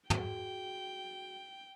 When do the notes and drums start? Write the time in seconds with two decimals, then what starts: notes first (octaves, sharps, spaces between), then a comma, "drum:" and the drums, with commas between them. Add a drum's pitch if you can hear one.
0.10 F#4 G#4 G5, drum: tom